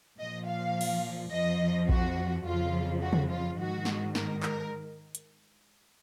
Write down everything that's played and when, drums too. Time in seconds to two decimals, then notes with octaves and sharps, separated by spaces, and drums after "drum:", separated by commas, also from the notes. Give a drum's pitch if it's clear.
0.18 A#2 F3 D#5
0.47 F5
0.81 drum: cymbal
1.32 F2 F3 D#5
1.89 F#4, drum: kick A#1
2.45 F2 C#3 F3 F4
3.02 F#4
3.13 drum: tom
3.30 F4
3.58 G#2 D#3 F#4
3.85 drum: snare
4.15 A#4, drum: snare
4.43 A#4, drum: clap
5.15 drum: hi-hat